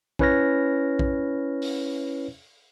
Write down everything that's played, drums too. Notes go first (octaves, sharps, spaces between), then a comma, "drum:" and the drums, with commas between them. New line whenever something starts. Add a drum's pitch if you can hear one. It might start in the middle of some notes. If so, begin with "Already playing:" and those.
C#4 E4 B4 C#5 F6 A#6, drum: kick A#1
drum: kick A#1
drum: open hi-hat